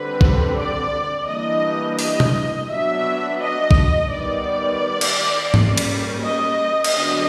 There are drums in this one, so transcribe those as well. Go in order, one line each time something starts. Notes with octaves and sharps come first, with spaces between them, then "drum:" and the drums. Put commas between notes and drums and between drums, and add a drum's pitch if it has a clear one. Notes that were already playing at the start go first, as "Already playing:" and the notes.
Already playing: D3 G3 C4 B4
drum: kick
D5
E3 G3 A#3 D4 D#5
D#5, drum: open hi-hat
drum: tom B2
F#3 B3 D4 E5
D#5
drum: kick
D#3 G3 B3 D5
drum: cymbal
G3 A#3 C#4, drum: tom G#2
drum: cymbal
D#5
drum: cymbal
D3 F#3 B3 D4 D#5